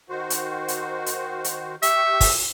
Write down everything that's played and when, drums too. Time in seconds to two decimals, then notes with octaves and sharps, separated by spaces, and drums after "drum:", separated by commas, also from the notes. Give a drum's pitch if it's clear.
0.10 D#3 F#4 C5
0.30 drum: hi-hat
0.68 drum: hi-hat
1.06 drum: hi-hat
1.44 drum: hi-hat
1.82 G4 E5 C#6, drum: hi-hat
2.21 drum: kick, open hi-hat